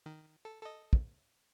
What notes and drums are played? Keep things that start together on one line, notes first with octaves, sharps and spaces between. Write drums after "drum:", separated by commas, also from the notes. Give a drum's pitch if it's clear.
D#3
A4
A4 D#5
drum: kick